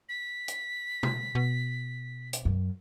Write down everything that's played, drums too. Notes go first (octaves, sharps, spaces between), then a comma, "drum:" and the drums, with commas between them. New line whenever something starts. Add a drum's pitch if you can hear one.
B6
drum: hi-hat
drum: tom B2
B2
drum: hi-hat
F#2